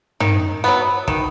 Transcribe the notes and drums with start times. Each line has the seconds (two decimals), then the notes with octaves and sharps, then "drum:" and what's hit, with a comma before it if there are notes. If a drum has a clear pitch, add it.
0.20 D#3, drum: tom
0.64 F#3 B3
1.08 D#3, drum: kick